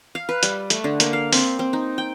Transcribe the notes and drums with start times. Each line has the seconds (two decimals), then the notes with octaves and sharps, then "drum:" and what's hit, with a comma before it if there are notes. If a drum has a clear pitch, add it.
0.15 F5
0.29 B4
0.43 G3, drum: hi-hat
0.70 A3, drum: hi-hat
0.84 D3
1.00 A#3, drum: hi-hat
1.13 F5
1.33 C4, drum: open hi-hat
1.59 C4
1.73 D#4
1.98 G5